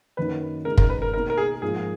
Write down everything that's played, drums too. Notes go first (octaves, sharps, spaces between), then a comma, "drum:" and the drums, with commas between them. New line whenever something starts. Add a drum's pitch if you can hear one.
F#2 D#3 A#3 D#4 B4
C#3 G#3 D#4 A#4
A#4, drum: kick
B4
A#4
B2 A#3 D#4 A#4
A#4
G#4
G#2 F3 A#3 F4 G#4